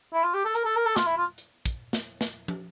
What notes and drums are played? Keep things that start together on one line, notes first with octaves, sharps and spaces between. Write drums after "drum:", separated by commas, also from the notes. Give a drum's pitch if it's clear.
E4
F4
G4
A4
A#4, drum: hi-hat
A4
A#4
A4
F4, drum: snare
E4
F4
drum: hi-hat
drum: kick, hi-hat
drum: snare
drum: snare
drum: tom